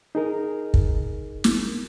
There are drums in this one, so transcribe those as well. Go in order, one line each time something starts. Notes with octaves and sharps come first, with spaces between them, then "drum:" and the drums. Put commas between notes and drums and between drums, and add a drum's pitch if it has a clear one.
D#4 G#4 A#4
drum: kick
drum: snare